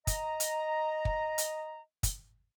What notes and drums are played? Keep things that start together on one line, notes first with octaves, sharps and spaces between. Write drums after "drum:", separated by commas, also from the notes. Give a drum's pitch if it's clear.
D#5 A#5, drum: kick, hi-hat
drum: hi-hat
drum: kick
drum: hi-hat
drum: kick, hi-hat